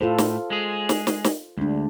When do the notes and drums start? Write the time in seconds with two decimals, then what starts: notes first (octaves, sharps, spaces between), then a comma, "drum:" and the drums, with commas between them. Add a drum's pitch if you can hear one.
0.01 A2 F4 A4 C5
0.18 drum: snare
0.50 G#3 G#4
0.89 drum: snare
1.07 drum: snare
1.24 drum: snare
1.58 D2 G#3 D4